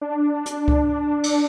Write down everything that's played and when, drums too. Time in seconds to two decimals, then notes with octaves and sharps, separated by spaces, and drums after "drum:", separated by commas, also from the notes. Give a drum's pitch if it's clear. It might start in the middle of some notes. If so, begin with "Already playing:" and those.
0.01 D4
0.46 drum: hi-hat
0.68 drum: kick C#2
1.24 drum: cymbal